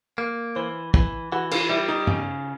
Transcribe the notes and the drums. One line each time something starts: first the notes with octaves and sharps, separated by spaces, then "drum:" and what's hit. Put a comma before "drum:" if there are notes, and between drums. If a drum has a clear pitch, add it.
A#3
E3 C5
E3, drum: kick
E3 F#4
F4, drum: cymbal
G3 E4
D#4
C#3, drum: tom G2